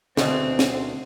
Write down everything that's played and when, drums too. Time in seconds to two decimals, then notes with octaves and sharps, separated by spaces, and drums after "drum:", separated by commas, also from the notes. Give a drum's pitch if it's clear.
0.17 D2 B2 C4, drum: snare
0.59 drum: snare